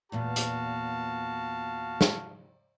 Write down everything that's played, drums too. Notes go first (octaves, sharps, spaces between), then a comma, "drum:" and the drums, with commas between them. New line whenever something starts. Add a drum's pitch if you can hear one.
E2 A#2 B3 F#4 F5 A5
drum: hi-hat
drum: snare